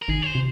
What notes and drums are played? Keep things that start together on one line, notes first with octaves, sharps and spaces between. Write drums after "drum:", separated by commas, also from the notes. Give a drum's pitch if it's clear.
A#4
D#3 G#4, drum: kick G#1
C#5
C5
C3